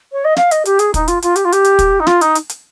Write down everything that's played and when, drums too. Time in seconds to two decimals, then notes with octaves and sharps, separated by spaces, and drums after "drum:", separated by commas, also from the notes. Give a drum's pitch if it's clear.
0.12 C#5
0.24 D#5
0.36 F5, drum: snare
0.51 D#5, drum: hi-hat
0.65 G4, drum: hi-hat
0.79 G#4, drum: hi-hat
0.94 D#4, drum: kick, hi-hat
1.08 F4, drum: hi-hat
1.22 F4, drum: hi-hat
1.36 G4, drum: hi-hat
1.45 F4
1.52 G4, drum: hi-hat
1.64 drum: hi-hat
1.79 drum: kick, hi-hat
2.00 D#4
2.07 F4, drum: snare
2.21 D#4, drum: hi-hat
2.35 drum: hi-hat
2.49 drum: hi-hat